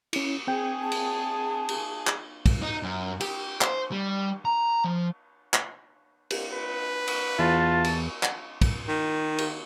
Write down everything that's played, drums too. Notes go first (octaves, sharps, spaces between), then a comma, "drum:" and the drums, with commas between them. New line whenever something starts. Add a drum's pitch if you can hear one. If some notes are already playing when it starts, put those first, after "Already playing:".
C#4 E4, drum: cymbal
C4 G#4 G5
A5
drum: cymbal
drum: cymbal
drum: clap
drum: kick, cymbal
D#4
F#2
G4, drum: cymbal
C5, drum: clap
G3
A#5
F3
drum: clap
drum: cymbal
B4
drum: cymbal
E2 F4 A5
drum: cymbal
drum: clap
drum: kick, cymbal
D#3
drum: cymbal